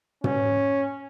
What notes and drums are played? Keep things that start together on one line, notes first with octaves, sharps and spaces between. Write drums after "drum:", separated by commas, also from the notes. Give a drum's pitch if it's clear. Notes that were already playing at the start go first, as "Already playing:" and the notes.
C#4, drum: tom